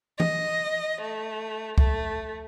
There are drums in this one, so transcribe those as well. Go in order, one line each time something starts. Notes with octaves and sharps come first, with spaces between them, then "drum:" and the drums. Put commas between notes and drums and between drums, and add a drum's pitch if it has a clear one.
D#5, drum: tom E3
A3
A3, drum: kick C2